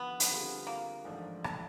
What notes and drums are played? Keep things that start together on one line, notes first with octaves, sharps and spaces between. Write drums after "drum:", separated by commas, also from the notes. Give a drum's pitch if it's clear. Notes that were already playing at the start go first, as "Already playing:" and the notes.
Already playing: D#2 D3 F3 B3
drum: hi-hat
D3 G3 C4 F4 G#4
A#3
A1 G#2 F3 A3 D4
drum: rim click